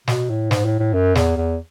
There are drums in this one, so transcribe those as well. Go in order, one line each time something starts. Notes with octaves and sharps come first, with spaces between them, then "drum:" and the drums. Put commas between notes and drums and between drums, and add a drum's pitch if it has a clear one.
B2, drum: snare
A2
G#2, drum: snare
A2
A2
F#2
E2, drum: snare
E2